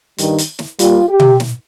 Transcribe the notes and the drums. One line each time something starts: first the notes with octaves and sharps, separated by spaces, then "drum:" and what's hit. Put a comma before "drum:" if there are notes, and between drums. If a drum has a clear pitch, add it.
G2 D#3 G3, drum: hi-hat
drum: hi-hat
drum: snare
A#2 G3 F4, drum: hi-hat
G4
drum: tom B2
drum: snare